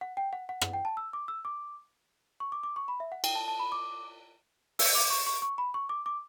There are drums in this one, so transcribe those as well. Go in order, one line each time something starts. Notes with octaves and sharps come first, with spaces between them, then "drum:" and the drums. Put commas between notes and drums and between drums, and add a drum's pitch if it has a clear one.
F#5
G5
F#5
F#5
F#5, drum: rim click
G5
A5
E6
D6
E6
D6
C#6
D6
D6
C#6
B5
E5
F#5
G5, drum: cymbal
A5
A5
B5
D6
E6, drum: open hi-hat
D6
C#6
C#6
C#6
B5
C#6
D6
D6